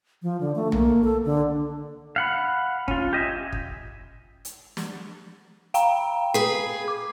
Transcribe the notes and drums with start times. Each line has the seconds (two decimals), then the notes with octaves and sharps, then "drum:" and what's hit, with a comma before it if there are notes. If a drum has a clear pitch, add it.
0.22 F3
0.41 D3
0.55 A3
0.72 A#3, drum: tom B1
1.04 A4
1.25 D3
2.16 F5 F#5 B5
2.88 C#4 F4, drum: kick
3.13 G4 D#5 E5 G#5
3.52 drum: kick
4.45 drum: hi-hat
4.77 drum: snare
5.74 F5 G5 A#5, drum: hi-hat
6.34 G#4 B4 C7
6.88 D6